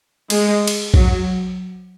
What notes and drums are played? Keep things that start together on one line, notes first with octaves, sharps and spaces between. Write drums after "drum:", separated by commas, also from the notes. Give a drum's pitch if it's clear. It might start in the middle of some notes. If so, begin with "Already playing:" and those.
G#3, drum: cymbal
drum: cymbal
F#3, drum: kick